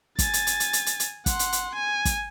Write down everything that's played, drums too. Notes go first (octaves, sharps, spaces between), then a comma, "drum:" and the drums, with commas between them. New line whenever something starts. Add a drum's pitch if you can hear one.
G#5 A6, drum: kick, hi-hat
drum: hi-hat
drum: hi-hat
drum: hi-hat
drum: hi-hat
drum: hi-hat
drum: hi-hat
F#5 C6, drum: kick, hi-hat
drum: hi-hat
drum: hi-hat
G#5
drum: kick, hi-hat